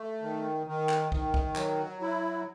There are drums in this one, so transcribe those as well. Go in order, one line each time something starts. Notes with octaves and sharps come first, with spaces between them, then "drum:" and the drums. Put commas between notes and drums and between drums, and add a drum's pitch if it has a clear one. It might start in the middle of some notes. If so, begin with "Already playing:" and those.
Already playing: A3
D#3
D#3
drum: clap
D#3, drum: kick
drum: kick
F#3, drum: clap
E4